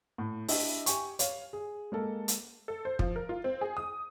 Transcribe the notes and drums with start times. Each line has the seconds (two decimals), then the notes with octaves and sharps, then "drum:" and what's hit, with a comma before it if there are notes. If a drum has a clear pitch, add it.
0.18 A2
0.48 D4 E4 G4 D#5 E5, drum: open hi-hat
0.86 G4 G#5 C#6, drum: hi-hat
1.19 C#5 F5, drum: hi-hat
1.53 G#4
1.92 G#3 A#3 A4
2.28 drum: hi-hat
2.68 A4
2.85 C5
2.99 F3, drum: kick
3.16 A#4
3.29 F4
3.44 C4
3.61 G#4
3.77 D#6